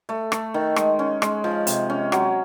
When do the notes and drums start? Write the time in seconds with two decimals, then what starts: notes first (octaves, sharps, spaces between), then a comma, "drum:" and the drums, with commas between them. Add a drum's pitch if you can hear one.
0.09 A3
0.32 A3, drum: rim click
0.54 D#3
0.76 G#3, drum: rim click
0.99 C#4
1.22 G#3, drum: rim click
1.44 F3
1.67 C3, drum: hi-hat
1.90 C#4
2.12 F#3, drum: rim click